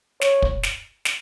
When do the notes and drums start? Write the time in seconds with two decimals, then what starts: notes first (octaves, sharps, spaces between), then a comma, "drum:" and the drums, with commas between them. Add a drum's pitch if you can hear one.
0.21 C#5, drum: snare
0.42 drum: kick
0.63 drum: snare
1.05 drum: snare